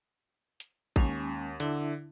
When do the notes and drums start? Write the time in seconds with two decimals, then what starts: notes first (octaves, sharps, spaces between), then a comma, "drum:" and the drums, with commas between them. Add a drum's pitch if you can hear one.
0.60 drum: hi-hat
0.96 D#2 G#3 C#4 G#5, drum: kick A1
1.60 D3 D4 E4 E5, drum: hi-hat